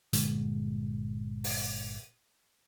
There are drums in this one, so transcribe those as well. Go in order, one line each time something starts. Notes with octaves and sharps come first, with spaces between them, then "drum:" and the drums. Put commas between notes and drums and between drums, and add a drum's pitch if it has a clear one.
G1 A#2 D3 G#3, drum: hi-hat
drum: open hi-hat